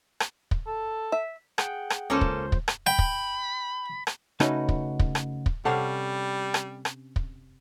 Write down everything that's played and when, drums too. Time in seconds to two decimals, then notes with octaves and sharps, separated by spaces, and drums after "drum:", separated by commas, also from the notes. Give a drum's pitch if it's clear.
0.20 drum: rim click
0.51 drum: kick
0.67 A4
1.12 E5
1.58 G#4 F#5 G5, drum: rim click
1.90 drum: rim click
2.10 C#2 A#3 C#4 A4 C5
2.21 drum: kick
2.52 drum: kick
2.68 drum: rim click
2.87 G5 B5
2.99 drum: kick
4.07 drum: rim click
4.40 C#3 A3 C#4 D#4 F#4 B4, drum: rim click
4.69 drum: kick
4.99 drum: kick
5.15 drum: rim click
5.46 drum: kick
5.65 C3 G3 C#4 A4 F5 F#5 A5
6.54 drum: rim click
6.85 drum: rim click
7.16 drum: kick